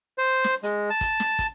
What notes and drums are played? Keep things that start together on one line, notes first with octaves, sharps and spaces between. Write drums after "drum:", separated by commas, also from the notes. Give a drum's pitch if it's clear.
C5
drum: snare
G#3, drum: hi-hat
A5
drum: kick, hi-hat
drum: snare
drum: kick, hi-hat